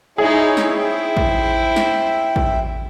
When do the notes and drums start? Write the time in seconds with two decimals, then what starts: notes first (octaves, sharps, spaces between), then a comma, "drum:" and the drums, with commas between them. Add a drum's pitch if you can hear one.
0.18 G#3 D#4 E4 G#4 C#5 E5
0.57 drum: snare
0.77 E4 C5 E5 G5
1.17 drum: kick A1
1.76 drum: snare
2.36 drum: kick A1